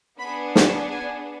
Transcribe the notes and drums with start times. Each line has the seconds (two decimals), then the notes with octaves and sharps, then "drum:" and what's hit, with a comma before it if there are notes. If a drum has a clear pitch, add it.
0.19 B3 D4 G#4 B5
0.56 A5, drum: snare
0.91 G#5